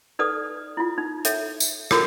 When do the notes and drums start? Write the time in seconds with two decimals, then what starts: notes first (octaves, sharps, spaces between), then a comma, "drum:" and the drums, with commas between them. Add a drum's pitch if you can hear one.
0.19 D#4 A4 B4 D5 D#6
0.77 E4 F4
0.98 D#4
1.25 A4 C#5 E5, drum: hi-hat
1.60 drum: tambourine
1.91 D#4 F4 F#4 A4 A#4 C#5, drum: rim click